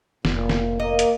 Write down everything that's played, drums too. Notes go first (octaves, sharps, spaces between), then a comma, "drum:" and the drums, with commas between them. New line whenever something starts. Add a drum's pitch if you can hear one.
F1 A#2, drum: snare
drum: snare
A#3 D#5
drum: hi-hat